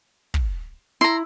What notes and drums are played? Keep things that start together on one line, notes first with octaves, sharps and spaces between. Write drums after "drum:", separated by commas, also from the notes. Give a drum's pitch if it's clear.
drum: kick
E4 A#5 C6